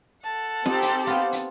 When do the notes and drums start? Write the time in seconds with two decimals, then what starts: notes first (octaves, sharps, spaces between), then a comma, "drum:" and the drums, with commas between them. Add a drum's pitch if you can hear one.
0.24 A4 F#5 A5
0.66 C4 D#4 G4, drum: snare
0.82 drum: hi-hat
1.07 B3 F4
1.32 drum: hi-hat